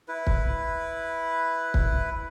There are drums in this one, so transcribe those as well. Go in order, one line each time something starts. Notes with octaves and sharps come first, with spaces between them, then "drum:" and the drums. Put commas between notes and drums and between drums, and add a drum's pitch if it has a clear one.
E4 B4
drum: kick
drum: kick